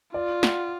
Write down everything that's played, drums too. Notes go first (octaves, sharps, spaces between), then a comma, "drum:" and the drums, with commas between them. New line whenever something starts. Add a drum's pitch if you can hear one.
F4 D5
F#5, drum: snare